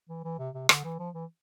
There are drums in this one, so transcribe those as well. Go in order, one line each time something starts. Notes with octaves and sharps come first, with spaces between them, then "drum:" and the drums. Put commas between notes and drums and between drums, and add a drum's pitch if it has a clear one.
E3
E3
C3
C3
D3, drum: rim click
E3
F3
E3